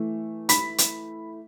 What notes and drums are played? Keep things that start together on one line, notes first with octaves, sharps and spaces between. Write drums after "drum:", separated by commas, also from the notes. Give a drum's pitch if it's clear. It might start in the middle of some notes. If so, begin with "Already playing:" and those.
Already playing: E3 A3
B5 B6, drum: hi-hat
drum: hi-hat